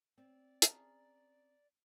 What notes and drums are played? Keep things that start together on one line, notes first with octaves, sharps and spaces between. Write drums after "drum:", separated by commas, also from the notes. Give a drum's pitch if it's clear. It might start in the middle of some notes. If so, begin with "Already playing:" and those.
C4 D5
C#4 G#4 A5 A#5, drum: hi-hat